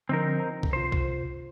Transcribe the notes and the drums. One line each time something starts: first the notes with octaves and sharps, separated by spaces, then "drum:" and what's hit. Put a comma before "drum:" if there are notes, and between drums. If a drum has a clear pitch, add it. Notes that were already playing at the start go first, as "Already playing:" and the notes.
D3 F3 C4 D4 D#4 A#4
A#5
drum: kick C2
C3 F4 C5
drum: kick C2